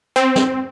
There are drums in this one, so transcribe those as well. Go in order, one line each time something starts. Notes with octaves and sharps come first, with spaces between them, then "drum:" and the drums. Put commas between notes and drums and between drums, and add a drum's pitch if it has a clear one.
C4
drum: snare